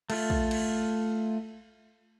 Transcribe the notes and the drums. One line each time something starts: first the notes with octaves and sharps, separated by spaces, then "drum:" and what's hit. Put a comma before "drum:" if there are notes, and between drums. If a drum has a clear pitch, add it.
A3 F4, drum: cymbal
drum: kick
drum: cymbal